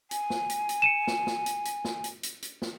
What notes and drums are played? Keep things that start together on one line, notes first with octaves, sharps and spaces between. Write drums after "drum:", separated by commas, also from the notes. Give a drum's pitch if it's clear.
G#5, drum: hi-hat
drum: snare
drum: hi-hat
drum: hi-hat
C#7 D#7 E7
drum: snare
drum: snare
drum: hi-hat
drum: hi-hat
drum: snare
drum: hi-hat
drum: hi-hat
drum: hi-hat
drum: snare